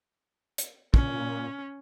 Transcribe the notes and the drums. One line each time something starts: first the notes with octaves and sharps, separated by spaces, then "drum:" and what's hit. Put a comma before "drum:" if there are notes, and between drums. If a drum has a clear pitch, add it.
drum: hi-hat
A#2 C#4, drum: kick